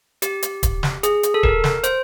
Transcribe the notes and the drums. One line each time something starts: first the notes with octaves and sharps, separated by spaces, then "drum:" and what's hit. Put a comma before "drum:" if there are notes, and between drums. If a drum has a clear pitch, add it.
G4, drum: hi-hat
drum: hi-hat
drum: kick D1, hi-hat
drum: snare
G#4, drum: hi-hat
drum: hi-hat
A4
A#4, drum: kick D1
drum: snare
C5, drum: hi-hat